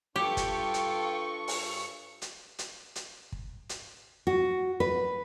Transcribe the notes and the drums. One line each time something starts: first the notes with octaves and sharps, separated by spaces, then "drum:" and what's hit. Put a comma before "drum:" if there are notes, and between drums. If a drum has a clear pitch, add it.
G2 F4 G4 A4 G5 C#6
drum: kick, hi-hat
drum: hi-hat
drum: open hi-hat
drum: hi-hat
drum: hi-hat
drum: hi-hat
drum: kick
drum: hi-hat
F#4
B4